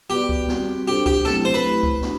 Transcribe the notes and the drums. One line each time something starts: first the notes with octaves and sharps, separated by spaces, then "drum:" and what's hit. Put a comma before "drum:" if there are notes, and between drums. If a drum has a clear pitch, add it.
B3 F#4 G4 B4 D5
drum: kick C#2
G3 C4 F#4, drum: snare
D4 G4 A4 C5
G4, drum: kick C#2
F#3 A3 C4 E4 A4, drum: snare
C5
B4
A3 E4 G4
drum: kick C#2
D4 F#4, drum: snare